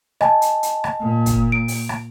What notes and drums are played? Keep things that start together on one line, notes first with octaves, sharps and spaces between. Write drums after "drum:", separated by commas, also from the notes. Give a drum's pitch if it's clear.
D#5 G#5 A5, drum: rim click
drum: hi-hat
drum: hi-hat
drum: rim click
A#2
drum: kick, hi-hat
D7
drum: open hi-hat
drum: rim click